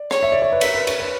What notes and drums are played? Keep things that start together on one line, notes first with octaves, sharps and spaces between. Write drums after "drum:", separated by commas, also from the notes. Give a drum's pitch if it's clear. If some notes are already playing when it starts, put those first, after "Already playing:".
Already playing: D5
C#5, drum: rim click
E5
D5
C#5
B4
A#4 E5, drum: cymbal
B4
C#5, drum: cymbal
B4